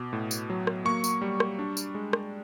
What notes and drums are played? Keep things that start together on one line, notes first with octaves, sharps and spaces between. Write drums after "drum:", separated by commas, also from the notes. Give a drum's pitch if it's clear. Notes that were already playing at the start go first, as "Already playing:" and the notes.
Already playing: B2 D6
A2
drum: tambourine
F#3
drum: rim click
A#3 C#6
drum: tambourine
G3
drum: rim click
D4
drum: tambourine
G#3
drum: rim click